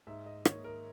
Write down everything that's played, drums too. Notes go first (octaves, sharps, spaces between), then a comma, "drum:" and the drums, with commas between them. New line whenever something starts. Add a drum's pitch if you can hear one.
G#2 E5
D#5
D#3 A#3 C#5, drum: rim click
A#4